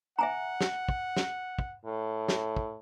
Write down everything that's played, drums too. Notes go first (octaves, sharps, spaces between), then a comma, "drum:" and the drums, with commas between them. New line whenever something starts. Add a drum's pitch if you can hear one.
E5 F#5 G#5 A#5
drum: snare
drum: kick
drum: snare
drum: kick
A2
drum: snare
drum: kick